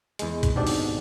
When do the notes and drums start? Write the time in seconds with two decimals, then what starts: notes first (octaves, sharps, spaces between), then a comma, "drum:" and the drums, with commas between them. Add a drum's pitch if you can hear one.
0.19 E2 G#3, drum: hi-hat
0.43 drum: kick, hi-hat
0.56 G#1 G#2 B2 D4 G4 D5
0.67 drum: open hi-hat